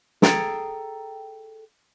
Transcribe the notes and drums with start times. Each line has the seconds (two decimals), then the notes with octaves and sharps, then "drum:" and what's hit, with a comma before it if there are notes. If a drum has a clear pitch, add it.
0.22 G#4 A4 G5 A#5, drum: snare